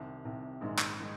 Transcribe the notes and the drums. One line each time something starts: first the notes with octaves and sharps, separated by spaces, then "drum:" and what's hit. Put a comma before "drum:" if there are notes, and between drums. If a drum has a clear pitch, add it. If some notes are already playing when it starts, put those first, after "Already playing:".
Already playing: C2 C3 D#3
C2 C3 D#3
A#1 G#2 D#3 G#3
drum: clap
D#3 G#3